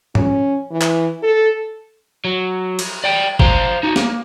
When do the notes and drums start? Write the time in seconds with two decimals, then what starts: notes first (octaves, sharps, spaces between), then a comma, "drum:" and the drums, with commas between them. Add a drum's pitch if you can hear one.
0.15 C#4, drum: tom G#2
0.71 E3
0.81 drum: clap
1.23 A4
2.24 F#3
2.79 drum: cymbal
3.04 D5 G5
3.39 C5 F5 A#5 C6, drum: kick
3.83 D#4 F#4
3.96 A#3, drum: snare